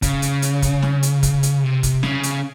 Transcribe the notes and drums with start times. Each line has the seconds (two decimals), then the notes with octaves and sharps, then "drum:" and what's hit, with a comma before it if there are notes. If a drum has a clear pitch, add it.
0.02 C#3, drum: kick, hi-hat
0.22 drum: hi-hat
0.42 drum: hi-hat
0.62 drum: kick, hi-hat
0.82 drum: snare
1.03 drum: hi-hat
1.23 drum: kick, hi-hat
1.43 drum: hi-hat
1.63 C3
1.83 drum: kick, hi-hat
2.03 C#3, drum: snare
2.23 drum: hi-hat